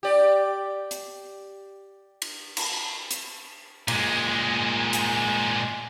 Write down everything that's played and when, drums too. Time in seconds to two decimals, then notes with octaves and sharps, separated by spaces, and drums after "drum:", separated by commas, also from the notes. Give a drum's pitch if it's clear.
0.03 G4 D5
0.91 drum: hi-hat
2.22 drum: cymbal
2.57 drum: cymbal
3.11 drum: hi-hat
3.88 A#2 G#3, drum: cymbal
4.93 drum: hi-hat